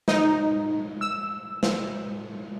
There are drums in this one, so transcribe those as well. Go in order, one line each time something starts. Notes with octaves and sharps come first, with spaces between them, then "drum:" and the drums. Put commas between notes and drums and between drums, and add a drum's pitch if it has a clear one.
D#4, drum: snare
E6
drum: snare